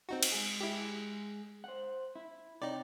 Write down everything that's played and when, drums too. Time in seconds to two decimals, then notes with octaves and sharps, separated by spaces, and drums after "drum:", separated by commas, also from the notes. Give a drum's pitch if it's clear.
0.09 C4 D#4 F#4
0.23 drum: cymbal
0.32 G#3 G#4
0.61 E4 G4
1.64 C5 F#5
2.16 E4
2.62 C3 D#4 C#5 D5 G5